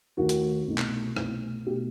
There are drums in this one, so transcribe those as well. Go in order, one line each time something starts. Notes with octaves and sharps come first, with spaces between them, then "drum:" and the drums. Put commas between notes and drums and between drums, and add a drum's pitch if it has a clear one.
D#2 D#3 A3 F#4
drum: hi-hat
C2 B2 A3 D#4
drum: clap
C2 B2 A3 D#4, drum: rim click
B2 A3 D#4 G4